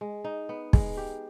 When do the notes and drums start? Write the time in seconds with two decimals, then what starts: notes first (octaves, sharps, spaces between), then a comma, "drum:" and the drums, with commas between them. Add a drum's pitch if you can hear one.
0.01 G#3
0.24 D#4
0.49 B3
0.73 G#3, drum: kick
0.97 G4